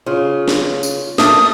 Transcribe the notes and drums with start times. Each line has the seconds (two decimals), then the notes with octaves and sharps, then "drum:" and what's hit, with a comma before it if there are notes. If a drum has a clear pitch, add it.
0.06 C#3 F4
0.48 drum: snare
0.83 drum: tambourine
1.18 A3 A#3 A5 D#6, drum: snare